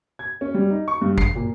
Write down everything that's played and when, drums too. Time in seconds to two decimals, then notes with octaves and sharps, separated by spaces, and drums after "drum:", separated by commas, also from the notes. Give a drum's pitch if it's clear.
0.19 G#6
0.41 C#4
0.54 G3
0.70 D#4
0.88 C#6
1.01 G2
1.18 C7, drum: kick
1.35 A#2